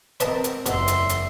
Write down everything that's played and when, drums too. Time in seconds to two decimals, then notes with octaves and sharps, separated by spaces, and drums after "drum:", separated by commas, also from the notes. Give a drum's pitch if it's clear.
0.20 C4 A#4 B4 D#5 A5, drum: hi-hat
0.44 drum: hi-hat
0.66 F#1 E2 B2 E5 C6, drum: hi-hat
0.88 drum: hi-hat
1.09 drum: hi-hat